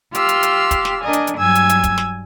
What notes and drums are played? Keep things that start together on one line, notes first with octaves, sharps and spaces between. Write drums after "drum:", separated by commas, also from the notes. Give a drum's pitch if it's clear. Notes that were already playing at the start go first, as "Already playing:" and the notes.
F4 G4 C6 E6 F6, drum: hi-hat
drum: hi-hat
drum: hi-hat
drum: kick, hi-hat
drum: snare
D4 A#4 D#5 G#5
drum: hi-hat
drum: hi-hat
G2 F#3 G#5 E6 G#6
drum: hi-hat
drum: hi-hat
drum: kick, hi-hat
drum: snare